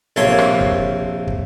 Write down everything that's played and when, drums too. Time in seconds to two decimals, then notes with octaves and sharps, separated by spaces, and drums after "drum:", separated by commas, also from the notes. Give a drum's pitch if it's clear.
0.16 A#1 C3 A#3 A4 C#5 C6
0.39 drum: rim click
0.61 drum: kick
1.27 drum: kick